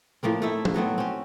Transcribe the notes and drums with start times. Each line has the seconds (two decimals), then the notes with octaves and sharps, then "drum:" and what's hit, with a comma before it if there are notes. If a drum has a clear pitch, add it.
0.23 A2 F3 A#3 C4
0.42 A3 D#4 E4 E5
0.65 drum: tom F3
0.74 F#3 A3 B3 C4
0.98 C4 C#4